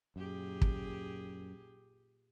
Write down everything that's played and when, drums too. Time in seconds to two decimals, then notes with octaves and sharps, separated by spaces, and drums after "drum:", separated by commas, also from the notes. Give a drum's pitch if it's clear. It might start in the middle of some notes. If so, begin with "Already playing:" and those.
0.16 F#2 A#2 G4 G#4
0.62 drum: kick